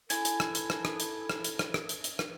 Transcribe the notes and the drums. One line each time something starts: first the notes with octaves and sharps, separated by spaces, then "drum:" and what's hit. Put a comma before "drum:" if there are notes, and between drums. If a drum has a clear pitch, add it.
E4 A4 G#5 G#6, drum: hi-hat
drum: hi-hat
drum: rim click
drum: hi-hat
drum: rim click
drum: rim click
drum: hi-hat
drum: rim click
drum: hi-hat
drum: rim click
drum: rim click
drum: hi-hat
drum: hi-hat
drum: rim click